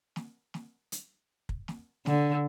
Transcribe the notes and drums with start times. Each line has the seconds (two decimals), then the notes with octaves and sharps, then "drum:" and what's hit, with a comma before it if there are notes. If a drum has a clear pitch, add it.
0.16 drum: snare
0.54 drum: snare
0.92 drum: hi-hat
1.49 drum: kick
1.68 drum: snare
2.06 D3, drum: snare